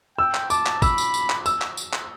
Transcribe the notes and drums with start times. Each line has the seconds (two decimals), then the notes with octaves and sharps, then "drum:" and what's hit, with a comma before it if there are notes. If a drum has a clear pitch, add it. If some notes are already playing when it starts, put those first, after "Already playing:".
0.18 G5 E6
0.34 drum: clap
0.50 A5 D6, drum: tambourine
0.66 drum: clap
0.82 B5 E6, drum: kick, tambourine
0.98 drum: tambourine
1.14 drum: tambourine
1.30 drum: clap
1.46 E6, drum: tambourine
1.61 drum: clap
1.77 drum: tambourine
1.93 drum: clap